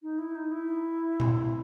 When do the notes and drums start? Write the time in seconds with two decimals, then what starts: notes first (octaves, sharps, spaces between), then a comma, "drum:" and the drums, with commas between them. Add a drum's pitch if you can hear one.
0.02 D#4
0.18 E4
0.35 D#4
0.52 E4
1.20 drum: tom A#2